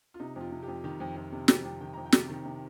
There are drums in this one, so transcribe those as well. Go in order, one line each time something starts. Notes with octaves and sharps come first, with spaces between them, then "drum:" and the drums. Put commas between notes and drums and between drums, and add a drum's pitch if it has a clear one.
F4
C3 D#4
F2 F4
C3
G4
F2
D#3 G4
F2
F2
C3
F2 G4, drum: snare
F2
D#3 G5
F2 A#5
G5
C3, drum: snare
D#3
C3